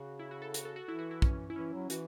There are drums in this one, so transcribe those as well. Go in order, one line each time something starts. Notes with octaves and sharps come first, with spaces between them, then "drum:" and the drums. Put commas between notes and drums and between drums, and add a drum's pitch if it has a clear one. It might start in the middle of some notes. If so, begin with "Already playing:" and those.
Already playing: C#3 F#4
E4
F#4
A4
F#4, drum: hi-hat
A4
F#4
E3 E4
F#4
E4
C#4, drum: kick
E4
E3 C#4
F#3
E3 F#4, drum: hi-hat